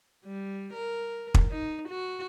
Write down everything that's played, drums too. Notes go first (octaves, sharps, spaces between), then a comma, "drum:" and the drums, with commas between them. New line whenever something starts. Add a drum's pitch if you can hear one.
G3
A#4
drum: kick
D#4
F#4